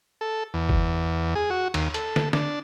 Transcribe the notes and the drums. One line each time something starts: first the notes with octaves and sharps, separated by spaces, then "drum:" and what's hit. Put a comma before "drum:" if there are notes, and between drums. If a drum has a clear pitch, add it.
A4
E2
drum: kick F#1
G#4
F#4
D#2, drum: cymbal
A4, drum: hi-hat
drum: snare
D4, drum: snare